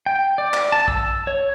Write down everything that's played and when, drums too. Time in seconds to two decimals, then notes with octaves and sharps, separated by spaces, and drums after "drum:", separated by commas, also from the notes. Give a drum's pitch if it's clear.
0.06 G5
0.38 D5
0.53 drum: clap
0.72 A5
0.88 E6, drum: kick A#1
1.27 C#5